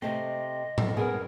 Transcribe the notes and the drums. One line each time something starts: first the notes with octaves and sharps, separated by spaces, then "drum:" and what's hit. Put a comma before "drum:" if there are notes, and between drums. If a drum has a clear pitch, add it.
C3 A3 C4 D#5
drum: tom A2
B3 G#4 A#4